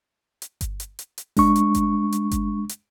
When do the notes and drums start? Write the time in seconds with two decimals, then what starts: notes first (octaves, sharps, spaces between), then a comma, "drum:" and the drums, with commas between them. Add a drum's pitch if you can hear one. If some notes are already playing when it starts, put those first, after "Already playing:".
0.42 drum: hi-hat
0.61 drum: kick G1, hi-hat
0.80 drum: hi-hat
0.99 drum: hi-hat
1.18 drum: hi-hat
1.37 G#3 D4 C#6, drum: kick G1, open hi-hat
1.56 drum: hi-hat
1.75 drum: kick G1, hi-hat
2.12 drum: hi-hat
2.31 drum: kick G1, hi-hat
2.69 drum: hi-hat